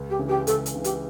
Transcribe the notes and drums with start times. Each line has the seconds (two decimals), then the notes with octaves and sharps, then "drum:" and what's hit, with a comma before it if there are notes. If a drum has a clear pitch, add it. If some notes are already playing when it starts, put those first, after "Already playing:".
Already playing: C#2
0.10 G4
0.19 C#3 E3
0.29 G4
0.47 C#2 A4, drum: hi-hat
0.66 drum: hi-hat
0.75 C#3 E3
0.84 G4, drum: hi-hat